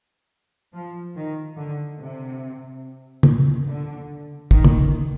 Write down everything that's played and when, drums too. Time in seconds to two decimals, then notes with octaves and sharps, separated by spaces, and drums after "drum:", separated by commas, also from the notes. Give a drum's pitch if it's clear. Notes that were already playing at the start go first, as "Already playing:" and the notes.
0.73 F3
1.16 D#3
1.57 D3
1.99 C3
3.23 drum: tom
3.68 D3
4.51 D#3, drum: kick
4.64 drum: tom